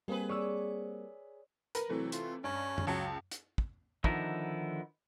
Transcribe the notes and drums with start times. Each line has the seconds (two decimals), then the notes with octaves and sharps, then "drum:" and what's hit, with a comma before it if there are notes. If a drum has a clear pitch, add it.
0.08 G3 A#3 C4 G#4 B4
0.29 C#5 D5 E6
1.75 A#4 B4, drum: hi-hat
1.89 C3 E3 F#3 A3
2.12 F4, drum: hi-hat
2.44 G2 C#4
2.78 drum: tom F#2
2.87 C#2 F#3 A5 C#7
3.32 drum: hi-hat
3.58 drum: kick
4.04 D3 D#3 F3 B3 D#4 E4, drum: kick